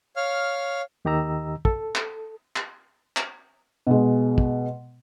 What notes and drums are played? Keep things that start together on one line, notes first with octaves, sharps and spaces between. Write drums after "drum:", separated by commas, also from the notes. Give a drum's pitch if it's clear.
C#5 F5 F6
D#2 D#3 G4 D#5 A#5 E6
A4, drum: kick
drum: clap
drum: clap
drum: clap
B2 G#3
drum: kick